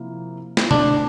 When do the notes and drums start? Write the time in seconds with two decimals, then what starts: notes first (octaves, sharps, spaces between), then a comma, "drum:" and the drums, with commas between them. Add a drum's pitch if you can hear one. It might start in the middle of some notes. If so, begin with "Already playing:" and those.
Already playing: C3 F3 A#3 E4
0.57 drum: snare
0.71 D3 A3 C4 D4, drum: tom B2